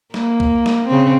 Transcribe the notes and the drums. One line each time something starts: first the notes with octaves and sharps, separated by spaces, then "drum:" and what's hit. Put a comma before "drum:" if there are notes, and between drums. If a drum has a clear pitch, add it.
A#3, drum: snare
drum: kick
drum: snare
C#3 C4